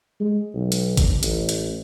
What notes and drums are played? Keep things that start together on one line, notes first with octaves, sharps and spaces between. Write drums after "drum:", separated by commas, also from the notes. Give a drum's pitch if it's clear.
G#3
B1
drum: hi-hat
drum: kick, hi-hat
A1, drum: hi-hat
drum: hi-hat